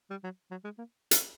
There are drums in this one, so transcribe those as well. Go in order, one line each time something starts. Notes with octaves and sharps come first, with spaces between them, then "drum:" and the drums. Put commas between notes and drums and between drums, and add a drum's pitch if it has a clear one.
G3
F#3
F#3
G#3
A#3
drum: hi-hat